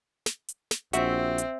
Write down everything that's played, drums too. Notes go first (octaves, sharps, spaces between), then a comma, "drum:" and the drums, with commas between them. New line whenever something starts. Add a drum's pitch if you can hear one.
drum: snare
drum: hi-hat
drum: snare
A#1 C4 F#4 E5, drum: hi-hat
drum: hi-hat